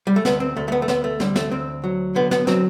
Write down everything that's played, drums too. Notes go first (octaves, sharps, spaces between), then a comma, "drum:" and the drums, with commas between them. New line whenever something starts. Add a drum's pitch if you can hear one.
G3
A3
D2 B3, drum: snare
C4
D2 A3
A3
B3
A3
D2 B3, drum: snare
A3
D3 G3, drum: snare
A3, drum: snare
D2 C4
F#3
D3 B3
B3, drum: snare
F#3 C4, drum: snare